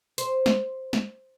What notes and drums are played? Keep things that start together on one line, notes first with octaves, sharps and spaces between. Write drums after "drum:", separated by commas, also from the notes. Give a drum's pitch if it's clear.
C5, drum: hi-hat
drum: snare
drum: snare